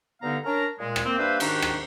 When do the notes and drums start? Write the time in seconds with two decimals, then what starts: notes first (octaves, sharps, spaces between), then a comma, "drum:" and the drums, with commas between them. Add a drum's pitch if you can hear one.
0.23 G2 D3 B3 D#4 F5 A#5
0.45 C#4 D4 A#4 A#5
0.80 A#2 G#3
0.96 drum: rim click
1.05 A#3 C4
1.18 G3 A#3 D4 B4 C5 E5
1.40 G#2 D#3 D4 D#4 F#4 G4, drum: cymbal
1.62 drum: rim click